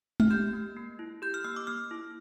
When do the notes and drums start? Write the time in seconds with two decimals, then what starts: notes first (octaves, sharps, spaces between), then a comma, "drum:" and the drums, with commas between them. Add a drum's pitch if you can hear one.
0.20 F6, drum: tom G#3
0.31 G4 G6
0.53 A#3
0.76 A#3
0.99 E4
1.22 G4 G6
1.34 F6
1.45 A#3 E6
1.56 D6
1.67 A#3 F6
1.91 E4